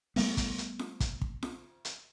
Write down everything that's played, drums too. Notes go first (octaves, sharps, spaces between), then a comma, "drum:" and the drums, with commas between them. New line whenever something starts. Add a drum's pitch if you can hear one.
G3 A3 B3, drum: open hi-hat
drum: kick, hi-hat
drum: hi-hat
drum: snare F4
drum: kick, hi-hat
drum: kick
drum: snare F4
drum: hi-hat